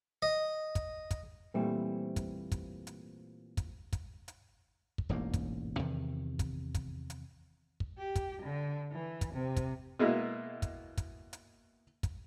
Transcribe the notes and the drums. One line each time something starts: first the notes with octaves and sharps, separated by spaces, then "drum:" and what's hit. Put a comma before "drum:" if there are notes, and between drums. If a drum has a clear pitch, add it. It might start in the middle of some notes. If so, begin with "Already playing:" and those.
D#5
drum: kick, hi-hat
drum: kick, hi-hat
A#2 E3 G3 A3 C4
drum: kick, hi-hat
drum: kick, hi-hat
drum: hi-hat
drum: kick, hi-hat
drum: kick, hi-hat
drum: hi-hat
drum: kick
E1 A1 G#2 A#3
drum: kick, hi-hat
E2 C3 D#3
drum: kick, hi-hat
drum: kick, hi-hat
drum: hi-hat
drum: kick
G4
drum: kick, hi-hat
D3
E3
drum: kick, hi-hat
C3
drum: kick, hi-hat
B2 G#3 A#3 E4
drum: kick, hi-hat
drum: kick, hi-hat
drum: hi-hat
drum: kick, hi-hat